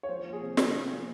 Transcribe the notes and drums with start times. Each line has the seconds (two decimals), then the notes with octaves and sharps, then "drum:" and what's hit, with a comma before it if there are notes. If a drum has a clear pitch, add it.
0.03 C#5
0.09 F3 C5
0.25 A#3
0.33 G#4
0.42 C3
0.57 C3 G#4, drum: snare
0.74 F3
0.90 A#3